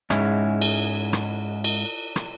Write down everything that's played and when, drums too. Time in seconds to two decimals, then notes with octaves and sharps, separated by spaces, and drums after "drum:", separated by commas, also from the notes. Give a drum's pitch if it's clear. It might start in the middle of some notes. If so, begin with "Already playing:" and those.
0.10 G#2 G#3 C#4 E4, drum: rim click
0.62 drum: cymbal
1.13 drum: rim click
1.64 drum: cymbal
2.16 drum: rim click